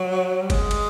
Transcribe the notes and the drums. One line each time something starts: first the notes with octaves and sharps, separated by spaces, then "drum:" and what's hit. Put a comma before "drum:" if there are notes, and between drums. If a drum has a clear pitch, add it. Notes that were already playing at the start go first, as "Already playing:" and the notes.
Already playing: F#3
G3
G#3, drum: kick G1, cymbal
drum: cymbal